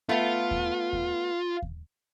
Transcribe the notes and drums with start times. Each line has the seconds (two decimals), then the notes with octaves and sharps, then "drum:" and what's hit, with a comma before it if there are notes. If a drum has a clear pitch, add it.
0.09 A3 B3 F4
0.51 drum: kick D#2
0.93 drum: kick D#2
1.62 drum: kick D#2